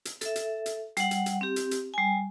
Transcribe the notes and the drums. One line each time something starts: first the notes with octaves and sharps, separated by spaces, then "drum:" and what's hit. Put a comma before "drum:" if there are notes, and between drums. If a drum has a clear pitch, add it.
drum: hi-hat
A4 E5, drum: hi-hat
drum: hi-hat
drum: hi-hat
G3 F#5, drum: hi-hat
drum: hi-hat
drum: hi-hat
C4 G4
drum: hi-hat
drum: hi-hat
G3 G#5